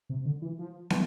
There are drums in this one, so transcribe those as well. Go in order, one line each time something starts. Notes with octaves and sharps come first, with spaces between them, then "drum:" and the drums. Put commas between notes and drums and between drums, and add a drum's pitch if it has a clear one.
C3
D3
E3
F3
E3, drum: snare